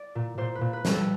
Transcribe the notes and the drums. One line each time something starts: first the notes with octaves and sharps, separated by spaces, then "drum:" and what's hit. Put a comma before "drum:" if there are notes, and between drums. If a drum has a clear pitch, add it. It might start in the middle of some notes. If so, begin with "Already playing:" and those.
Already playing: D5
A#2
A#2 C5
B4
A#2
B4
G3, drum: snare
A4